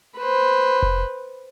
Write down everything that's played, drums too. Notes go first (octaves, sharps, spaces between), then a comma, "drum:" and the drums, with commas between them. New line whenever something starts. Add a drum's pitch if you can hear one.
B4 C5
drum: kick F1